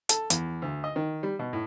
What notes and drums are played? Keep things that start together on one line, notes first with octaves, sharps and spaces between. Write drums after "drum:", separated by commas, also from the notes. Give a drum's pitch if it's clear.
A4, drum: hi-hat
E2, drum: hi-hat
D2
D#5
D#3
G3
B2
A2